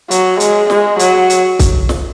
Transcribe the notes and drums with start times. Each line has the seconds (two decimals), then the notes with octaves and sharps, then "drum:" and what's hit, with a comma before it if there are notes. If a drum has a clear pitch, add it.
0.11 F#3, drum: hi-hat
0.40 G#3, drum: hi-hat
0.70 G#3, drum: snare
0.99 F#3, drum: hi-hat
1.30 drum: hi-hat
1.59 drum: kick C2, hi-hat
1.89 drum: snare